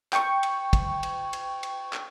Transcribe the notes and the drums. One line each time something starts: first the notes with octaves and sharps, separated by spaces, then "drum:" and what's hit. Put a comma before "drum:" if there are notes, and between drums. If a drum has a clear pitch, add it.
G5 C#6, drum: clap
drum: cymbal
drum: kick, cymbal
drum: cymbal
drum: cymbal
drum: cymbal
drum: clap